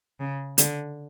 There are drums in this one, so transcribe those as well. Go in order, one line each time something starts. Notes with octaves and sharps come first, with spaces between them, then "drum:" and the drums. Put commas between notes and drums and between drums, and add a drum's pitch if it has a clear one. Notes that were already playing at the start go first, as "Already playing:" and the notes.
C#3
D3, drum: hi-hat